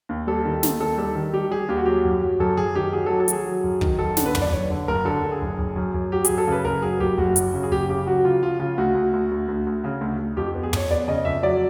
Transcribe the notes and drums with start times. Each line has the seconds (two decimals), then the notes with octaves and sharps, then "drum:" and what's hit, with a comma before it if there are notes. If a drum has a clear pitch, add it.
0.09 D#2
0.27 G3 A4
0.45 D#3
0.63 D#2, drum: snare
0.80 D#3 A4
0.98 G3 A4
1.15 D#3
1.33 G3 G4
1.51 G3 G#4
1.68 D#2 G4
1.77 F#4
1.86 F#3 G4
2.05 F#2
2.22 F#3
2.40 F#2 A4
2.57 F#2 G#4
2.75 D#3 G4
2.93 F#3 G#4
3.06 F#3 A4
3.20 A4
3.28 F#3 G#4, drum: hi-hat
3.46 F#3
3.64 F#2
3.81 D#3, drum: kick
3.99 F#2 A4
4.17 D3, drum: snare
4.26 B4
4.35 F#1, drum: tom
4.41 D5
4.52 F#1 C#5
4.70 D3
4.88 F#1 A#4
5.05 D3 A4
5.23 D3
5.32 G#4
5.42 F#1
5.58 F#1
5.76 F#2
5.94 F#2
6.12 F#3 G4
6.24 F#2 G#4, drum: hi-hat
6.38 A4
6.47 C#3 B4
6.65 F#1 A#4
6.82 F#3 G#4
7.00 F#1 G4
7.17 F#1 F#4
7.36 F#2, drum: hi-hat
7.54 C#3
7.63 G#4
7.71 F#1 G4
7.89 C#3 G4
8.06 F#3 F#4
8.24 C#3 F4
8.42 F3 F4
8.59 C#3 F4
8.78 D2 F#4
8.95 D2
9.13 D2
9.31 D2
9.48 D2
9.66 D2
9.84 C#3
10.01 D2
10.19 D2
10.37 F2 G4
10.55 B3
10.63 G#4
10.73 F2 C#5, drum: tom
10.90 B3 D5
11.08 C#3 D#5
11.25 F2 E5
11.43 F#3 D5